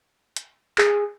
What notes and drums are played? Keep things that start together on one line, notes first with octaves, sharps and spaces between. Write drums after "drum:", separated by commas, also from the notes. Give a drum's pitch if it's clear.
drum: hi-hat
G#4, drum: clap